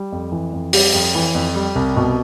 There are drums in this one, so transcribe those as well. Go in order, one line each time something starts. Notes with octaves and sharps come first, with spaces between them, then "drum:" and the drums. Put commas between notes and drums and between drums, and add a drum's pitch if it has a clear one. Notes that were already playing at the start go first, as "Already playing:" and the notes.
Already playing: G3
F2
E3
F2
G3 G4, drum: open hi-hat
F2
E3
F2
G3
C2
B2